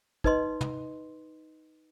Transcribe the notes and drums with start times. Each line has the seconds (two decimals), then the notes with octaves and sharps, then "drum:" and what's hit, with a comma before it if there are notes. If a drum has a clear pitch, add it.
0.24 D#4 B4 D#5 C6, drum: kick
0.61 drum: tom